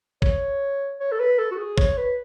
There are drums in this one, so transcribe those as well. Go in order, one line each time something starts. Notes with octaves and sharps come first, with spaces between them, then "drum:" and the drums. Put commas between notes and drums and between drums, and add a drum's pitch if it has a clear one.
C#5, drum: kick
C#5
A4
B4
A4
F#4
G#4
C#5, drum: kick
B4